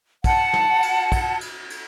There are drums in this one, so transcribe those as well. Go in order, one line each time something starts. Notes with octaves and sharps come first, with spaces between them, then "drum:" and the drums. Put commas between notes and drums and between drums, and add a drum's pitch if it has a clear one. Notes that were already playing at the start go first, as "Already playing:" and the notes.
F#5 A5, drum: kick, cymbal
drum: snare
drum: cymbal
drum: kick, cymbal
drum: cymbal
drum: cymbal